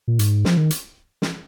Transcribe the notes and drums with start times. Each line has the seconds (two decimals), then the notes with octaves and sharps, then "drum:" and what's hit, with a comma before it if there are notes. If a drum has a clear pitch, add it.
0.08 A#2
0.19 G#2, drum: hi-hat
0.45 F3, drum: snare
0.57 D#3
0.70 drum: hi-hat
1.22 drum: snare